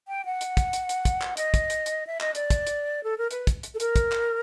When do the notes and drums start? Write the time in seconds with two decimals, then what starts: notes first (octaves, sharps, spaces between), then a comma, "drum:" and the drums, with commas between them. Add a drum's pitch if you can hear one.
0.08 G5
0.25 F#5
0.41 drum: hi-hat
0.57 drum: kick, hi-hat
0.73 drum: hi-hat
0.89 drum: hi-hat
1.05 drum: kick, hi-hat
1.22 drum: clap
1.37 D#5, drum: hi-hat
1.54 drum: kick, hi-hat
1.70 drum: hi-hat
1.86 drum: hi-hat
2.07 E5
2.21 D#5, drum: clap
2.35 D5, drum: hi-hat
2.50 drum: kick, hi-hat
2.67 drum: hi-hat
3.04 A4
3.18 A#4
3.31 B4, drum: hi-hat
3.47 drum: kick, hi-hat
3.63 drum: hi-hat
3.74 A4
3.80 A#4, drum: hi-hat
3.96 drum: kick, hi-hat
4.12 drum: clap